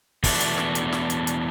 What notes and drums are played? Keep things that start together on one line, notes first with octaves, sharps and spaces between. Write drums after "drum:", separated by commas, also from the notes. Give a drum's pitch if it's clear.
E2 B2 A3 D4, drum: kick, open hi-hat
drum: hi-hat
drum: snare
drum: hi-hat
drum: snare
drum: hi-hat
drum: hi-hat